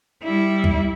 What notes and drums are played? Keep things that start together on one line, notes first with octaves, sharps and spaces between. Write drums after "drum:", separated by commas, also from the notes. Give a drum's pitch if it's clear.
G3 E4
drum: kick C#2